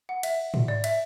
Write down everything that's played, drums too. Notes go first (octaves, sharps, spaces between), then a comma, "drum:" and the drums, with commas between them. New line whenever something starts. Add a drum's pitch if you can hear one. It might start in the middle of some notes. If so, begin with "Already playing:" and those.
F#5
E5, drum: cymbal
drum: tom
D5
E5, drum: cymbal